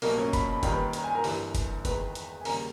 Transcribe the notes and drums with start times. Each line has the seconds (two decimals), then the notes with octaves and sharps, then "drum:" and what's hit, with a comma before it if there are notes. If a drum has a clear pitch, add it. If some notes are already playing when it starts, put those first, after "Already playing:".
0.02 B1 B2 G3 A#3 A#4, drum: open hi-hat
0.17 C#4 C#5
0.33 B5, drum: kick F#1, hi-hat
0.52 B5
0.63 D#2 D#3 G3, drum: kick F#1, hi-hat
0.72 B4 B5
0.93 A#5, drum: hi-hat
1.04 G#5
1.14 A#4 A#5
1.24 G1 G2 E3 G3, drum: open hi-hat
1.55 drum: kick F#1, hi-hat
1.85 E1 E2 D#3 B4 B5, drum: kick F#1, hi-hat
2.15 drum: hi-hat
2.41 G#5
2.45 D#2 C#3 G3 A#4 A#5, drum: open hi-hat